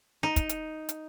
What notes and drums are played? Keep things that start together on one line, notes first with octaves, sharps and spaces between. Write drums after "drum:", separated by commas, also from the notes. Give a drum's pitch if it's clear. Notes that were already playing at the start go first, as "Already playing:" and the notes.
D#4
drum: kick, hi-hat
drum: hi-hat
drum: hi-hat